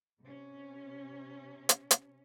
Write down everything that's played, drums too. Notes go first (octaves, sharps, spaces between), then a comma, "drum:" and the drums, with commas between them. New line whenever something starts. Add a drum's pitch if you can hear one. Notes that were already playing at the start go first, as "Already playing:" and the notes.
C3 C#4
drum: hi-hat
drum: hi-hat